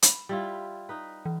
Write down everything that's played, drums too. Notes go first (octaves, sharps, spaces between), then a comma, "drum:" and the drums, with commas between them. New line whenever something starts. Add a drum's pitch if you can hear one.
B5, drum: hi-hat
G3 E4 F4
D#4 B4
E3